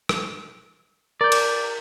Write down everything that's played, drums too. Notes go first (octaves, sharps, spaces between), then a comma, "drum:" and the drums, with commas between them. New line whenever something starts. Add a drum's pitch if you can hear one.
drum: rim click
A#4 D5 G6
drum: cymbal